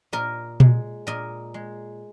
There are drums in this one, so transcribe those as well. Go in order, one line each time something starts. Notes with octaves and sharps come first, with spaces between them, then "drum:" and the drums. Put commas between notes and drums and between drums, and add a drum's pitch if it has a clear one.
A#2 A#4 D#5
G#3, drum: tom A#2
A#2 A#4 D#5
G#3